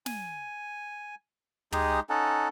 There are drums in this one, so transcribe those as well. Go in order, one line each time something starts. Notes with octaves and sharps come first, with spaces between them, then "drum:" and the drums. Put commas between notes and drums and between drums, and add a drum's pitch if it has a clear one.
G#5, drum: snare
G#3 D#4 G4 G#4, drum: tom
C#4 D#4 A4 F#5